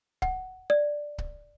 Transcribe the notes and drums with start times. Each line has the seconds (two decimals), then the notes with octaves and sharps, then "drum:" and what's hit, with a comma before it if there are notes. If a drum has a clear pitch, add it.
0.22 F#5, drum: kick C#1
0.70 D5
1.18 drum: kick C#1